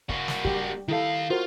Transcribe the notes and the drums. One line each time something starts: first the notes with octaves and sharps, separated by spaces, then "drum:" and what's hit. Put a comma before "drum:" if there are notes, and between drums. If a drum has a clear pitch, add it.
A#3 F#4, drum: kick
drum: snare
G3 G4, drum: kick
D#3 E4 A4 F5
F4 F#4 A#4 C5